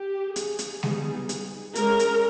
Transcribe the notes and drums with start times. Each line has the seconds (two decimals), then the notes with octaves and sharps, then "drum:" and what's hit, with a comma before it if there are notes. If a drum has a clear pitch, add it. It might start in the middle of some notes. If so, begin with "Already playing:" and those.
Already playing: G4
0.36 G#4, drum: hi-hat
0.59 drum: hi-hat
0.83 G3 B3 D#4, drum: snare G#3
1.29 drum: hi-hat
1.75 G#3 C#4 A#4, drum: hi-hat
1.99 drum: hi-hat